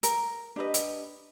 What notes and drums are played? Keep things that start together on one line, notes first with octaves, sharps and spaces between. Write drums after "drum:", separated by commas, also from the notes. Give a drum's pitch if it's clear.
A#4, drum: hi-hat
D4 G4 B4 D#5
drum: hi-hat